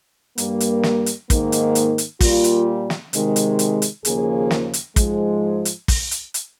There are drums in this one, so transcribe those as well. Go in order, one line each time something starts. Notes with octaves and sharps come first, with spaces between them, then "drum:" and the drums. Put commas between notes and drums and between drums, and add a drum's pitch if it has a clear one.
G2 G3 A#3, drum: hi-hat
drum: hi-hat
drum: snare
drum: hi-hat
G#2 D#3 A#3, drum: kick, hi-hat
drum: hi-hat
drum: hi-hat
drum: hi-hat
A#2 G3 A#3 F4, drum: kick, open hi-hat
drum: hi-hat
drum: snare
C3 D#3 G#3, drum: hi-hat
drum: hi-hat
drum: hi-hat
drum: hi-hat
D#2 C#3 F3 A#3 G#4, drum: hi-hat
drum: snare
drum: hi-hat
G#2 F3 G#3, drum: kick, hi-hat
drum: hi-hat
drum: kick, open hi-hat
drum: hi-hat
drum: hi-hat